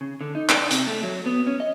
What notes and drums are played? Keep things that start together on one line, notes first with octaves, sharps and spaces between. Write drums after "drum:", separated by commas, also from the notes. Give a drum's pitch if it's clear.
C#3
D3
D#4
D4, drum: clap
C3, drum: hi-hat
A3
F#3
B3
C#4
D#5